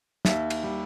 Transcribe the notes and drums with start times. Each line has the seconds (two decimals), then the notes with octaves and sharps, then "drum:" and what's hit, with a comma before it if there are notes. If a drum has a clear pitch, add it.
0.25 D#2 E5, drum: snare
0.50 drum: cymbal
0.63 G3